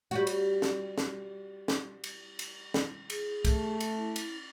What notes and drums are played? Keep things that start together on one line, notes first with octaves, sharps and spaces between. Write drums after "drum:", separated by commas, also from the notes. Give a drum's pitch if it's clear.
G3 F#4
drum: cymbal
drum: snare
drum: snare
drum: snare
drum: cymbal
drum: cymbal
drum: snare
G#4, drum: cymbal
A3, drum: kick, cymbal
drum: cymbal
E4
drum: cymbal